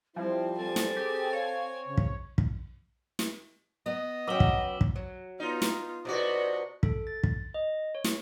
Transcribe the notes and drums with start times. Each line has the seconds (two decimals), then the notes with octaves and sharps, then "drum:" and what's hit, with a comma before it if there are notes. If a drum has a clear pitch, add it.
0.16 F3 G3 C4 E4
0.58 C4 A4 G#5
0.76 drum: snare
0.96 G4 G#4
1.33 C#5 F5
1.86 C#3
1.97 drum: kick
2.38 drum: kick
3.19 drum: snare
3.86 B3 D#5
4.27 F#3 C#4 B4 G5 D6 E6 G7
4.40 drum: kick
4.81 drum: kick
4.96 F#3
5.40 B3 D#4 F4
5.62 drum: snare
6.05 C3 D4 F#4 A4 B4 D5 D#5
6.83 A4, drum: kick
7.07 A6
7.23 drum: kick
7.54 D#5
7.95 C#5
8.04 drum: snare